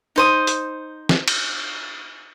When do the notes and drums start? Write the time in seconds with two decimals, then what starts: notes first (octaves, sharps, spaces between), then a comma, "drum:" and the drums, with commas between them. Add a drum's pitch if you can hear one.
0.16 D#4 C5 D#6
0.47 drum: hi-hat
1.09 drum: snare
1.28 drum: cymbal